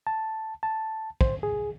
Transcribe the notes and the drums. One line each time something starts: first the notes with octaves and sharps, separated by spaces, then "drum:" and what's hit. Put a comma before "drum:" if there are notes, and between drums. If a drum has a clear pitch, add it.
A5
A5
C5, drum: kick
G#4